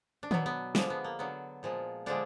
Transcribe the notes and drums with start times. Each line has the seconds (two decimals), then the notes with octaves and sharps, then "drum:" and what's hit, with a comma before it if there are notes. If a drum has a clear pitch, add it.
0.23 D4
0.31 B2 F#3 B3, drum: tom D#3
0.46 B3
0.75 D3 F3 G#3 D4, drum: snare
0.90 B3
1.04 A#3
1.19 D3 F#3 B3
1.63 A#2 F3 G#3
2.06 D3 F3 G#3 D4